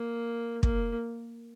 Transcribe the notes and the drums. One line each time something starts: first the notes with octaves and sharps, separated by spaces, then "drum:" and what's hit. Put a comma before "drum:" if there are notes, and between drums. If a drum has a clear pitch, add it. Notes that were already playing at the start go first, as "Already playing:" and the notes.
Already playing: A#3
A#3, drum: kick